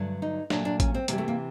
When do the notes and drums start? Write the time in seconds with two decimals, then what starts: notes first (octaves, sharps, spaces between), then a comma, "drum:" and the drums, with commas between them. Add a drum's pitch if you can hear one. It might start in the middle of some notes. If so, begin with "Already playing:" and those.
Already playing: G2 D3 F#3 A3
0.22 D#4
0.50 A#2 F#3 A3 D4, drum: snare
0.65 D4
0.80 C#4, drum: kick A1, hi-hat
0.94 C4
1.08 C3 E3 G3 A#3, drum: hi-hat
1.18 A3
1.28 A#3